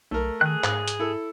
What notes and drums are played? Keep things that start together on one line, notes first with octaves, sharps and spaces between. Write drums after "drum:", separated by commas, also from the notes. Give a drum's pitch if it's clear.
B1 A3 A#4
D#3 G#4 F#6
G#2, drum: clap
drum: hi-hat
E4 A4